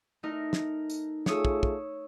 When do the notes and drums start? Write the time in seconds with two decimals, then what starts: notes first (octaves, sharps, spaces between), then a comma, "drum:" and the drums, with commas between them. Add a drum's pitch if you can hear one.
0.23 A3 D#4 A#4
0.53 drum: snare
0.90 drum: tambourine
1.26 A3 F4 G#4 C#5 D#6 E6, drum: snare
1.45 drum: kick
1.63 drum: kick